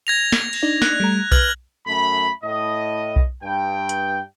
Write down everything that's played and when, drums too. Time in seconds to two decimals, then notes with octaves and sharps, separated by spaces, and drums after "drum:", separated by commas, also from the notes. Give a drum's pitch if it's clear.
0.07 G#6 A#6 F7
0.32 drum: snare
0.53 drum: cymbal
0.63 D4 D#4 D5
0.82 F#6, drum: snare
1.00 G3 A3 A#5
1.32 B4 F6 G#6 F#7, drum: kick B1
1.87 F#2 A3 B5
2.43 A2 D#5
3.16 drum: kick B1
3.43 G2 G5
3.89 drum: hi-hat